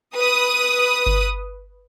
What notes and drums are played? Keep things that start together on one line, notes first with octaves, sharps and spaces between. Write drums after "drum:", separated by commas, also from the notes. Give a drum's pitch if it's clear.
B4 D#6
drum: kick G1